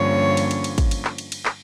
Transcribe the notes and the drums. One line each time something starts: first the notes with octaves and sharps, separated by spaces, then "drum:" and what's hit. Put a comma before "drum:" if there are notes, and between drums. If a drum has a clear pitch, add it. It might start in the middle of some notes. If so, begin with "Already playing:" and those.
Already playing: G2 D3 F3 A#3 C#4 C#5
drum: cymbal
drum: cymbal
drum: cymbal
drum: kick, cymbal
drum: cymbal
drum: clap
drum: cymbal
drum: cymbal
drum: clap